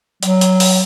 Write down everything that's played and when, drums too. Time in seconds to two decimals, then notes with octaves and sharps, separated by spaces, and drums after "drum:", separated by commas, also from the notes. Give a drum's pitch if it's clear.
0.23 F#3, drum: hi-hat
0.41 drum: hi-hat
0.60 drum: open hi-hat